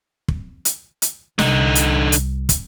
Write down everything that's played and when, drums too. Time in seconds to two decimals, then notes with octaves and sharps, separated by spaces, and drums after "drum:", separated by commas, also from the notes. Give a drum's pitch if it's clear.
0.28 drum: kick
0.65 drum: hi-hat
1.02 drum: hi-hat
1.39 C2 D3 D#4, drum: snare
1.75 drum: hi-hat
2.12 drum: hi-hat
2.49 drum: kick, hi-hat